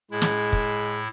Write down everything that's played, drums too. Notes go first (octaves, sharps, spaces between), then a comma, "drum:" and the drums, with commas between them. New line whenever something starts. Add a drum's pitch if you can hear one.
A2 G#3 E4
drum: snare
drum: kick